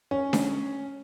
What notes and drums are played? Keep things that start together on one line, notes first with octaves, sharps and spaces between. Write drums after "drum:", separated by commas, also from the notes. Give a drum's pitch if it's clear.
C#4
drum: snare D4